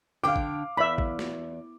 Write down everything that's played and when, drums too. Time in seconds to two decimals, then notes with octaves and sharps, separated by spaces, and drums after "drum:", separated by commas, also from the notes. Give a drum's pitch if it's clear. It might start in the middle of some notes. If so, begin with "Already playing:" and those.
0.23 D3 F5 G5 D6
0.36 drum: kick
0.77 E2 E5 B5
0.98 drum: kick
1.19 drum: snare